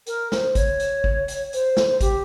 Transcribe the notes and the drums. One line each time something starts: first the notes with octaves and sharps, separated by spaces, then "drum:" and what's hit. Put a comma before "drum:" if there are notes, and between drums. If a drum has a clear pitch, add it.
A#4, drum: hi-hat
C5, drum: snare
C#5, drum: kick, hi-hat
drum: hi-hat
drum: kick
drum: hi-hat
C5, drum: hi-hat
drum: snare
G4, drum: kick, hi-hat